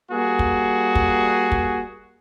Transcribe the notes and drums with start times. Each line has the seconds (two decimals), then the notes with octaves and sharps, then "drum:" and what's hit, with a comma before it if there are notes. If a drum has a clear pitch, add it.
0.11 G3 A#3 F#4 G#4
0.39 drum: kick
0.95 drum: kick
1.52 drum: kick